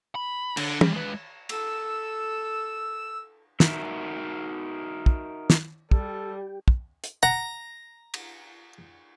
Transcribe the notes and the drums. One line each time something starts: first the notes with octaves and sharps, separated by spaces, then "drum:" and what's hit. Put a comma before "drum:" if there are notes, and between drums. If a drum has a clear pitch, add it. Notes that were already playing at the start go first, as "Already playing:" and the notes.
B5
D3, drum: cymbal
G3, drum: tom
G#3 B4
A4 E6, drum: cymbal
D#4 F#4 A#4 E5, drum: snare
drum: kick
drum: snare
G3 G4 A4, drum: kick
drum: kick
drum: hi-hat
F#5 A#5
drum: cymbal